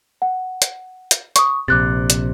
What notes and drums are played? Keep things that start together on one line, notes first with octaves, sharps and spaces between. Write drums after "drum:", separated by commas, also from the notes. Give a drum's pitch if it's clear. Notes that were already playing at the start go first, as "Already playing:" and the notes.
F#5
drum: hi-hat
drum: hi-hat
C#6 D#6, drum: hi-hat
A#1 C3 D6 F#6 A6
drum: hi-hat